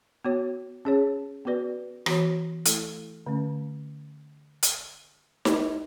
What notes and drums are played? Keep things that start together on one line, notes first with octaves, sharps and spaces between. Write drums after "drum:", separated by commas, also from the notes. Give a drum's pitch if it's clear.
B3 F#4 C#5
C#4 G#4 C#5
B3 F#4 B4 D5
E3 B3 F#4 C#5, drum: rim click
A3 E4 A4, drum: hi-hat
D3 A3 C#4
drum: hi-hat
drum: snare D#4